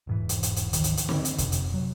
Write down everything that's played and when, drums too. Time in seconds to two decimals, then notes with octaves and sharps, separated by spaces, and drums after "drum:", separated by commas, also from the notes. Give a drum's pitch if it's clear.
0.07 E1 G#2 E3
0.29 drum: hi-hat
0.43 drum: hi-hat
0.56 drum: hi-hat
0.73 G1 D2 D#3 F3, drum: hi-hat
0.84 drum: hi-hat
0.97 drum: hi-hat
1.09 D3 C4, drum: snare
1.25 drum: hi-hat
1.38 F2 C3, drum: kick, hi-hat
1.52 drum: hi-hat
1.74 F#3